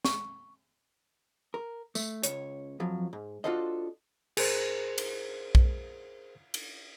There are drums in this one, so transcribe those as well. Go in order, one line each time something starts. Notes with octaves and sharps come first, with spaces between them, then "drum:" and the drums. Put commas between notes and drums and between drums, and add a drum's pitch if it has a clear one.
C#6, drum: snare
A#4
A3, drum: tambourine
C#2 C#5, drum: hi-hat
F2 F3 F#3
G#2
D4 F4 F#4 A4 C5 D#5
G#4 A#4 C5, drum: cymbal
drum: cymbal
drum: kick B1
drum: cymbal